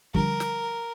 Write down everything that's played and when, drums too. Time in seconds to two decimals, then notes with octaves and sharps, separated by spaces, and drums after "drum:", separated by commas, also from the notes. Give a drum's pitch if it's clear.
0.14 D3 F3 G3 A#4, drum: kick
0.40 drum: snare